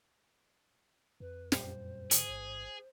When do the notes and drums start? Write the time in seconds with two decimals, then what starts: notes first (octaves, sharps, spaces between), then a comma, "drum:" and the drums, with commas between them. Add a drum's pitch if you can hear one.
1.20 F2 B4
1.52 F#2 A#2 G3 C5, drum: snare
2.11 G#2 D3 G#4, drum: hi-hat
2.29 A1